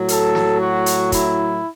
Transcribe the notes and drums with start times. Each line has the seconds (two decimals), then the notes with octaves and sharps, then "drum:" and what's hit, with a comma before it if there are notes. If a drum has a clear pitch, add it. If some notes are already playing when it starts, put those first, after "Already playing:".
Already playing: A2 F#3
0.08 A4, drum: hi-hat
0.35 drum: snare
0.60 F#4
0.86 drum: hi-hat
1.12 E4, drum: kick, hi-hat